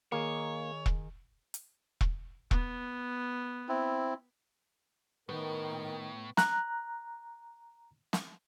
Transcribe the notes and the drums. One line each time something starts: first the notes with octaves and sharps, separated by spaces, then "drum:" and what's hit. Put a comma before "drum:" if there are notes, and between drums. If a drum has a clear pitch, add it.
D#3 A#3 G#4 C#5
drum: kick E1
drum: hi-hat
drum: kick E1
B3, drum: kick E1
C4 E4
A2 D#3 B3 A#4
A#5 F#6, drum: snare
drum: snare